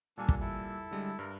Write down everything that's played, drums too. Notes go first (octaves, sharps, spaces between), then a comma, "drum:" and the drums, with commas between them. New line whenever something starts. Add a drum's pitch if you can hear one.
A#2 G3 A#3 D4 A4 G#5
drum: kick
E4 A4
D3 G3 G#3
G2 A#4